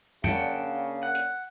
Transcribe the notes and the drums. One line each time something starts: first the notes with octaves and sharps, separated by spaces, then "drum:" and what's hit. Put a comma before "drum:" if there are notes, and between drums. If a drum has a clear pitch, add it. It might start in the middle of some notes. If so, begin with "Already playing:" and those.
C#3 A#3 D4 F#5 G5 A5, drum: tom F2
F#5
drum: hi-hat